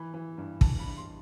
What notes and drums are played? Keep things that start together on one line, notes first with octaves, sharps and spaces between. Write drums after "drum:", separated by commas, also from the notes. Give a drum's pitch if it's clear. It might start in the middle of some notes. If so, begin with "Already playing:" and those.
Already playing: E3 B5
E3
G2
E3 A5, drum: kick
B5
G2
C6